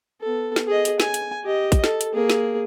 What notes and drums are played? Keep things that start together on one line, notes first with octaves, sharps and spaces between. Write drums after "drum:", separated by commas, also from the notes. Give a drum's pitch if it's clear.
B3 A4
drum: snare
G#4 D#5
drum: hi-hat
G#5, drum: snare
drum: hi-hat
G4 D#5
drum: kick, hi-hat
A4, drum: snare
drum: hi-hat
A#3 G#4
drum: snare